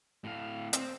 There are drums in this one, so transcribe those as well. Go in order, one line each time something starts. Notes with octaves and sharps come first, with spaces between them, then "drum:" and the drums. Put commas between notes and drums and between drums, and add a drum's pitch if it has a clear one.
A2 F5
C4, drum: hi-hat